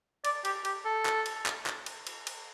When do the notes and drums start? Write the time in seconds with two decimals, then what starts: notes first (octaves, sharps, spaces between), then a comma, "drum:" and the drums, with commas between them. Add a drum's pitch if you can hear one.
0.25 D5, drum: cymbal
0.45 G4, drum: cymbal
0.65 G4, drum: cymbal
0.85 A4
1.06 drum: clap
1.26 drum: cymbal
1.46 drum: clap
1.66 drum: clap
1.86 drum: cymbal
2.07 drum: cymbal
2.27 drum: cymbal